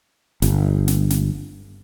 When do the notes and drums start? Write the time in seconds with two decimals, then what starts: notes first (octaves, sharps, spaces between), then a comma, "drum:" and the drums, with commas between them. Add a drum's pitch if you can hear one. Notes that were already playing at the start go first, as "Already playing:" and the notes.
0.42 G1, drum: snare
0.88 drum: snare
1.10 drum: snare